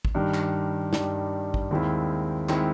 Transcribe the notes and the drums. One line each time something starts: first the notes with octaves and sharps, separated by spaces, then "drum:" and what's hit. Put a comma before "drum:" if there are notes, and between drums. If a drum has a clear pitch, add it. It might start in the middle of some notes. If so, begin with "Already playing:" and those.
drum: kick
G2 D#3 G3
drum: clap
G2 D#3 G3, drum: snare
drum: kick
D#2 D#3 G#3 C4 E4
D#3 G#3 C4 E4, drum: clap